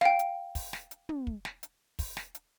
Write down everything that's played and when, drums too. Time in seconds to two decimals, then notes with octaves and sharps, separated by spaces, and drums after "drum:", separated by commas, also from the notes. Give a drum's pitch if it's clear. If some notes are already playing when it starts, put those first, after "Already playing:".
0.01 F5 G5, drum: snare
0.19 drum: hi-hat
0.55 drum: kick, open hi-hat
0.73 drum: snare
0.91 drum: hi-hat
1.09 drum: tom
1.27 drum: kick
1.45 drum: snare
1.63 drum: hi-hat
1.99 drum: kick, open hi-hat
2.17 drum: snare
2.35 drum: hi-hat